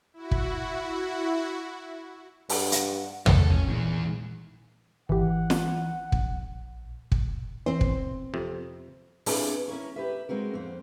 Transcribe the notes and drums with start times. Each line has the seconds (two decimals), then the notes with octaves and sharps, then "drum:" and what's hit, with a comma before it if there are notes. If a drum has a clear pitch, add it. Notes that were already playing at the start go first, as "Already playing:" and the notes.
0.13 E4 F#4
0.31 drum: kick
2.49 G2 F#5, drum: open hi-hat
2.72 drum: hi-hat
3.26 A4, drum: tom
3.50 D1 F3 C#4
3.68 A#2 D#3 E3 G#4
5.09 G#1 E3 G4 F#5
5.50 drum: snare
6.12 A#1, drum: kick
7.12 drum: kick
7.66 E3 C4 C5
7.81 drum: kick
8.34 F2 C3
9.26 C4 D4 E4 F4 G#4 B4, drum: open hi-hat
9.68 C#4 E4 A#4 C#5
9.96 G4 B4 E5
10.29 G#3 C4 F#4 A#4
10.54 F2 C4